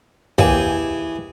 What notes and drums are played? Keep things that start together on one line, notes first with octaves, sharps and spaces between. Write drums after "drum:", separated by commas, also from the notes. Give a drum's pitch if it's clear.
D#2 E3 G4 G#4 G#5, drum: kick